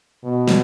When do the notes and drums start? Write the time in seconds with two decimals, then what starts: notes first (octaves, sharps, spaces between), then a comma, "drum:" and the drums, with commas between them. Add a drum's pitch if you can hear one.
0.24 B2
0.48 drum: snare